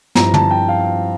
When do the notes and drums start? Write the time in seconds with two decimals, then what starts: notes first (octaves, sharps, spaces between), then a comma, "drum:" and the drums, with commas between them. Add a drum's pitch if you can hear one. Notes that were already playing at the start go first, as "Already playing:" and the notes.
0.15 G2 F3 C4 E4 A#5, drum: snare
0.34 A5, drum: tom
0.51 G5
0.69 F5